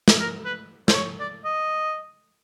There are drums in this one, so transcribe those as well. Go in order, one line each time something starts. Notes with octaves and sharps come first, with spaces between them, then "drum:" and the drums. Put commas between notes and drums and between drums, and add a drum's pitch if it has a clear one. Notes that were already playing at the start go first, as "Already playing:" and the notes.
drum: snare
A#4
B4
C5, drum: snare
C#5
D5
D#5